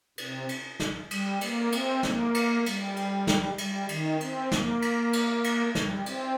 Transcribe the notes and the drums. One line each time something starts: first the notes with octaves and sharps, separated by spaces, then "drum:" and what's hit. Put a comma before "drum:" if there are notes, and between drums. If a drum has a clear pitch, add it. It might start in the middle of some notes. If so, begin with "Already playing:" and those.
C3, drum: cymbal
drum: cymbal
drum: snare
G3, drum: cymbal
A#3, drum: cymbal
C4, drum: cymbal
A#3, drum: snare
drum: cymbal
G3, drum: cymbal
drum: cymbal
drum: snare
G3, drum: cymbal
D#3, drum: cymbal
C4, drum: cymbal
A#3, drum: snare
drum: cymbal
drum: cymbal
drum: cymbal
G3, drum: snare
C4, drum: cymbal